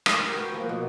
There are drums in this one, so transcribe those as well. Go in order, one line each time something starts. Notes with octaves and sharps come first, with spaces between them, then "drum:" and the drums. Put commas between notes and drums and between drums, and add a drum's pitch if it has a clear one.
drum: rim click
G4 A#4
F#4 B4 G5
F3 A#3
B2